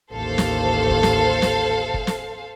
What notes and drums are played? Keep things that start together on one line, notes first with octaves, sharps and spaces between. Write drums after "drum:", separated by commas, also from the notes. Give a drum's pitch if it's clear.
A1 D#2 A4 C5 F5
drum: snare
drum: kick
drum: snare
drum: snare
drum: kick
drum: snare